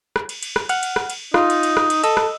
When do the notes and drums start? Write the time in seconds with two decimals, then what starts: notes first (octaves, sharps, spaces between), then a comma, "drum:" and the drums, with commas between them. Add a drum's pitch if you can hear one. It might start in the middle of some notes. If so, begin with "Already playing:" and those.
0.16 drum: rim click
0.29 drum: cymbal
0.43 drum: cymbal
0.56 drum: rim click
0.69 F#5 F6, drum: cymbal
0.83 drum: cymbal
0.96 drum: rim click
1.10 drum: cymbal
1.34 D#4 F4, drum: rim click
1.50 drum: cymbal
1.63 drum: cymbal
1.77 drum: rim click
1.90 drum: cymbal
2.04 A4 D#5 E6, drum: cymbal
2.17 drum: rim click